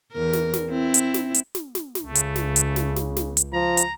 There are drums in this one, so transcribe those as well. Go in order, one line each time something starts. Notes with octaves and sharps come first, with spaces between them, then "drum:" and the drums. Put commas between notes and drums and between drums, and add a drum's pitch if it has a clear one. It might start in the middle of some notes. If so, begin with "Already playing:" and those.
E2 A#4
drum: snare
drum: snare
C4 E4
drum: hi-hat
drum: snare
drum: hi-hat
drum: snare
drum: snare
drum: snare
C#2 C#3 A3
drum: hi-hat
drum: snare
drum: hi-hat
drum: snare
drum: snare
drum: snare
drum: hi-hat
F3 A#5
drum: hi-hat